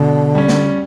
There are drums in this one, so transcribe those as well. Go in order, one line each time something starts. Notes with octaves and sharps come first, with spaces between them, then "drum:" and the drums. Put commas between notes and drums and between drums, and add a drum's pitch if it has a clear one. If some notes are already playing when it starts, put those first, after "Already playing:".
Already playing: B2 D3
G3 C#4
drum: snare